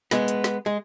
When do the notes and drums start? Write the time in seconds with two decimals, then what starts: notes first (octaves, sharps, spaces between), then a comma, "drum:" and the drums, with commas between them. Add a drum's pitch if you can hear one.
0.11 G#3 B3, drum: snare
0.28 drum: hi-hat
0.44 drum: snare
0.66 G#3